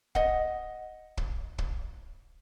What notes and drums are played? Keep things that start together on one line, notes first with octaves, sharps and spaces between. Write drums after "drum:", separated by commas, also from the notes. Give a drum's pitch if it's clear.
D#5 F#5, drum: kick
drum: kick
drum: kick